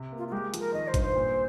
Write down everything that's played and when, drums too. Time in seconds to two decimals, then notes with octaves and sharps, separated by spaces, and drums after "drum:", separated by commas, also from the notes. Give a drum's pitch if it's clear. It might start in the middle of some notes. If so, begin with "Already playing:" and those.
Already playing: C3
0.12 A#3
0.18 F4
0.28 F4
0.32 G#3 G4
0.54 F3, drum: hi-hat
0.60 A#4
0.74 D#3 D#5
0.88 C5
0.94 G2, drum: kick G#1, hi-hat
1.02 C5
1.16 A#2